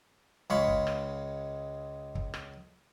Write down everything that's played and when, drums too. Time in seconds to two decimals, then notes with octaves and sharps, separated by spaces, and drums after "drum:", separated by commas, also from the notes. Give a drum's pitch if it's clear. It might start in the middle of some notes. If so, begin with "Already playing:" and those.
0.50 C#2 G#3 F5 B5 C#6
0.68 drum: kick
0.87 drum: rim click
2.15 drum: kick
2.34 drum: rim click